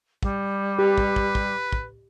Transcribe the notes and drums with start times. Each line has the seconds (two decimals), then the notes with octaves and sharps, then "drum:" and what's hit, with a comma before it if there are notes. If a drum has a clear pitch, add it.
0.23 G3, drum: kick
0.79 G4 B4
0.98 drum: kick
1.16 drum: kick
1.35 drum: kick
1.72 drum: kick